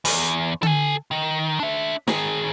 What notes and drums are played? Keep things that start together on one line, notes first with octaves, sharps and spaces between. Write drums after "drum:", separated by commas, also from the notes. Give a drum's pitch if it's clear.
E2, drum: open hi-hat
A4 G#5, drum: tom D3
D#3
D4 E5
D#3 G#4, drum: snare